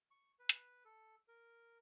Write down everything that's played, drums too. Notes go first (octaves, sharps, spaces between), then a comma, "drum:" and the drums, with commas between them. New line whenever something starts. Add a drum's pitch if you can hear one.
C#6
B4
drum: hi-hat
A4
A#4